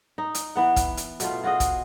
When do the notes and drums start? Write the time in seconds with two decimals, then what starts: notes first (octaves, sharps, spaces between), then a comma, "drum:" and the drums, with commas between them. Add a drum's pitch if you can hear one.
0.18 D#4
0.35 drum: hi-hat
0.55 E3 B3 F#5
0.76 drum: kick, hi-hat
0.97 drum: hi-hat
1.20 B2 A3 F4, drum: hi-hat
1.44 F4 F#4 G#4 D#5
1.60 drum: kick, hi-hat